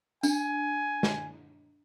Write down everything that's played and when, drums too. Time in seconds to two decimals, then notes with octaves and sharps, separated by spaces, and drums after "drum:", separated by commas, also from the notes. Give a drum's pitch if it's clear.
0.23 D4 G#5, drum: tambourine
1.03 drum: snare